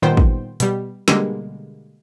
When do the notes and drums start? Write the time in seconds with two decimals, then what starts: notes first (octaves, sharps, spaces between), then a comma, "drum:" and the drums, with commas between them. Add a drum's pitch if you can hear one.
0.02 A#2 D#3 G3 B3 C5 G5
0.17 drum: kick
0.60 B2 G3, drum: hi-hat
1.08 B2 D3 G3 G#3 A#3, drum: snare